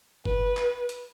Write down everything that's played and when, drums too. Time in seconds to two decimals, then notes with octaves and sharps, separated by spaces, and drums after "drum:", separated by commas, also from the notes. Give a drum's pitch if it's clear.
0.25 B4, drum: kick F#1
0.57 drum: clap
0.89 drum: hi-hat